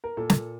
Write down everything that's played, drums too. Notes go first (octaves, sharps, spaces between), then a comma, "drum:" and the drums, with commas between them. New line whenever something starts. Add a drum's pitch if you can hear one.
A#4
A#2 A4
drum: snare